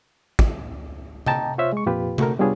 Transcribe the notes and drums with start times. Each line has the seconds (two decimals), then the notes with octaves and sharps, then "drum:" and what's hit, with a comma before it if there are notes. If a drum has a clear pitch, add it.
0.39 drum: kick
1.26 D#5 G5 A5 A#5, drum: tom C3
1.58 F4 C5 C#5 E5 F5
1.72 G#3 C#6
1.86 F2 A#2 F4 G4 B4
2.18 A3 F#4 A4 A#4, drum: tom C3
2.39 G3 B3 D4 F4 G#4 C#5